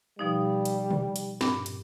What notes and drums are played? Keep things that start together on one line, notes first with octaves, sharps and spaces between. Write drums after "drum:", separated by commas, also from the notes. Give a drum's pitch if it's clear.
B2 F3 G3 D#4
drum: hi-hat
drum: tom
drum: hi-hat
G2 A#2 D6, drum: snare
drum: hi-hat